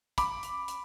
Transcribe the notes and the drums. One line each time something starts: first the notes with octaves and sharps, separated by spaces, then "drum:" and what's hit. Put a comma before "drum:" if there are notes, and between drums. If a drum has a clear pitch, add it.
B5 D6, drum: kick, hi-hat
drum: hi-hat
drum: hi-hat